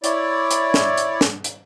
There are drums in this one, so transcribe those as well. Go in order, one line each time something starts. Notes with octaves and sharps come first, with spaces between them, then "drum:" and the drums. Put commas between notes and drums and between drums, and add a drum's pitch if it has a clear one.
E4 C#5 D5, drum: hi-hat
drum: hi-hat
drum: snare
drum: hi-hat
drum: snare
drum: hi-hat